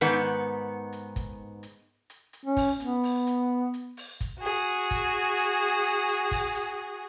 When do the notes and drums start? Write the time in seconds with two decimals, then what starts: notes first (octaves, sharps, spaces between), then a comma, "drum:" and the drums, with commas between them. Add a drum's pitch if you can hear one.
0.01 G#2 D#3 B3
0.93 drum: hi-hat
1.16 drum: kick, hi-hat
1.63 drum: hi-hat
2.10 drum: hi-hat
2.33 drum: hi-hat
2.46 C#4
2.57 drum: kick, open hi-hat
2.80 B3, drum: hi-hat
3.03 drum: open hi-hat
3.27 drum: hi-hat
3.74 drum: hi-hat
3.97 drum: open hi-hat
4.21 drum: kick, hi-hat
4.41 F#4 G#4
4.91 drum: kick, hi-hat
5.38 drum: hi-hat
5.85 drum: hi-hat
6.08 drum: hi-hat
6.31 drum: kick, open hi-hat
6.55 drum: hi-hat